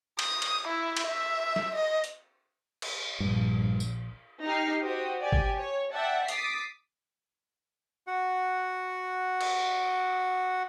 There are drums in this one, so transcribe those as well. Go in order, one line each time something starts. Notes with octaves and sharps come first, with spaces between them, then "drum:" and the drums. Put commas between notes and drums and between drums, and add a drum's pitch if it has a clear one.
D#6, drum: cymbal
drum: cymbal
E4
drum: cymbal
E5
drum: snare F#3
D#5
drum: hi-hat
drum: cymbal
A#1 G2
drum: tambourine
D#4 G4 F6 C7
F#4 G4 C5 D#6
G4 D5 G#5
drum: kick G#1
C#5
D5 E5 F#5 G5 A5
D6 D#6 A6 B6 C7, drum: hi-hat
F#4 F#5
drum: cymbal